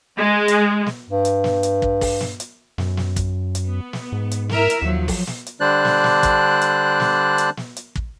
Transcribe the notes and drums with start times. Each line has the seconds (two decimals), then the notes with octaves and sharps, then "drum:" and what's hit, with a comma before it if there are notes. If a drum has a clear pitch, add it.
0.19 G#3
0.48 drum: hi-hat
0.86 drum: snare
1.10 G2
1.25 drum: hi-hat
1.44 drum: snare
1.63 drum: hi-hat
1.82 drum: kick
2.01 drum: kick, open hi-hat
2.21 drum: snare
2.40 drum: hi-hat
2.78 F#2, drum: snare
2.97 drum: snare
3.16 drum: kick, hi-hat
3.55 drum: hi-hat
3.66 B3
3.93 drum: snare
4.12 G#2
4.31 drum: hi-hat
4.49 E4 A#4 E5, drum: snare
4.70 drum: hi-hat
4.82 D#2 F3 F#3
5.08 drum: kick, open hi-hat
5.27 drum: snare
5.46 drum: hi-hat
5.60 D3 G3 D4 C5 D5 F#6
5.85 drum: snare
6.04 drum: snare
6.23 drum: kick, hi-hat
6.61 drum: hi-hat
7.00 drum: snare
7.38 drum: hi-hat
7.57 drum: snare
7.76 drum: hi-hat
7.96 drum: kick